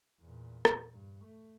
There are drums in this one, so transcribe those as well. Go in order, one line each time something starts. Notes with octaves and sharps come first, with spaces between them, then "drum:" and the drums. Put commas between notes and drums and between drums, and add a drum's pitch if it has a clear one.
E2 A#2
drum: rim click
G2
A3